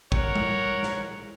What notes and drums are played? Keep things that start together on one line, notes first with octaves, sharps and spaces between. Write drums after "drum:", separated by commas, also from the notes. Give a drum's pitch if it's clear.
A#4 C#5 F#5, drum: kick
drum: tom G3
drum: snare